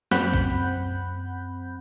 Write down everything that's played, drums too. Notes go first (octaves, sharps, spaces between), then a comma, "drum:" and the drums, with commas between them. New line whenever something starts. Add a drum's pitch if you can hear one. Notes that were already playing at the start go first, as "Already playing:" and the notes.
F#2 C4 F#5 B5 F#6 G6, drum: snare
drum: kick